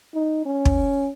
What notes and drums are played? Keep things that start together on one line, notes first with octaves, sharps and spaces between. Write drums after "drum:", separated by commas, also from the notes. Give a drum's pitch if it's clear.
D#4
C#4
drum: kick